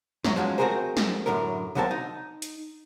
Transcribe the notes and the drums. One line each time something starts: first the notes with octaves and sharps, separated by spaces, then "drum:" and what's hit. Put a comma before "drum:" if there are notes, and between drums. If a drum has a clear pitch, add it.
F#2 F#3, drum: snare
F3 F#3 G#3 C#4
A3 C4 F#4 G#4 A#4 C5
drum: snare
F#2 A2 D3 F#3 A#4
C2 D3 F#3 A#3 C4 A5
D#4
drum: hi-hat